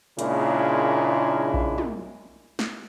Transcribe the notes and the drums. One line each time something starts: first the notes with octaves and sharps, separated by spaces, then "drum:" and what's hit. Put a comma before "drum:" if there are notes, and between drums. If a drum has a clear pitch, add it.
A#2 C#3 G#3 A#3 D4 E4, drum: hi-hat
drum: kick B1
drum: tom
drum: snare